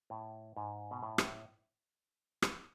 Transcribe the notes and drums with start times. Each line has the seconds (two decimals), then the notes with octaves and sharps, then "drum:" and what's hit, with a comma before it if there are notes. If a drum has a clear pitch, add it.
0.10 A2
0.57 G#2
0.91 B2
1.03 A2
1.18 drum: rim click
2.42 drum: rim click